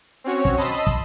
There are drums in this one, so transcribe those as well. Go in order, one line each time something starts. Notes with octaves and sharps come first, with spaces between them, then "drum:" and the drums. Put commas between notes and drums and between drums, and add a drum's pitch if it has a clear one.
C4 C#4 F#4 C#5
drum: kick
D#5 A5 B5 C6 D#6 E6
drum: kick